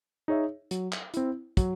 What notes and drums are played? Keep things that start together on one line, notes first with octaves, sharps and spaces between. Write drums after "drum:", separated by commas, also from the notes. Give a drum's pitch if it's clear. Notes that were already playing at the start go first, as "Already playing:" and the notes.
D#4 G#4 C#5 E5
F#3, drum: hi-hat
drum: clap
C4 E4, drum: hi-hat
F#3, drum: kick, hi-hat